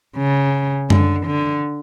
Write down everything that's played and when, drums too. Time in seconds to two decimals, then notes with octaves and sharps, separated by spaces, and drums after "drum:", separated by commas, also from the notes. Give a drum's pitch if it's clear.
0.17 C#3
0.90 D3, drum: tom F#2
1.27 D3